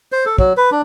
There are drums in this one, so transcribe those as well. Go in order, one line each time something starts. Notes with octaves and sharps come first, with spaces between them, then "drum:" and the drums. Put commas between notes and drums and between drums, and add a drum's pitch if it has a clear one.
C5
A4
F#3, drum: kick
B4
D4